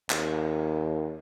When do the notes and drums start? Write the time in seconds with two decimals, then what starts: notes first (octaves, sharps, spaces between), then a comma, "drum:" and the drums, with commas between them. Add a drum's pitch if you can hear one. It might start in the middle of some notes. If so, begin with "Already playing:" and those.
0.10 D#2, drum: clap